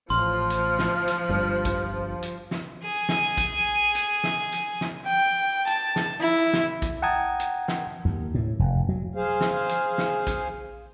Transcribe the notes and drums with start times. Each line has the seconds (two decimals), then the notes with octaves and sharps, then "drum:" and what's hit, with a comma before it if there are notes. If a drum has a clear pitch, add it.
0.10 A1 F3 C6 F6
0.50 drum: hi-hat
0.79 drum: snare
1.08 drum: hi-hat
1.29 G1 G2
1.65 drum: kick, hi-hat
2.23 drum: hi-hat
2.51 drum: snare
2.84 G#4 G#5
3.09 drum: snare
3.37 drum: kick, hi-hat
3.95 drum: hi-hat
4.24 drum: snare
4.52 drum: hi-hat
4.81 drum: snare
5.05 G5
5.67 A5, drum: hi-hat
5.96 drum: snare
6.20 E4
6.53 drum: snare
6.82 drum: kick, hi-hat
7.02 F#5 G5 A5 A#5 D#6 G#6
7.40 drum: hi-hat
7.68 drum: snare
8.05 D#2
8.35 A2
8.59 F1
8.89 F#3
9.15 G#4 C5 F5
9.41 drum: snare
9.69 drum: hi-hat
9.98 drum: snare
10.27 drum: kick, hi-hat